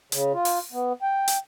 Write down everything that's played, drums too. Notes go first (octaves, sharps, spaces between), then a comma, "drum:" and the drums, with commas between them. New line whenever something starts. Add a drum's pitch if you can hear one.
C#3, drum: hi-hat
F4
drum: open hi-hat
B3
G5
drum: hi-hat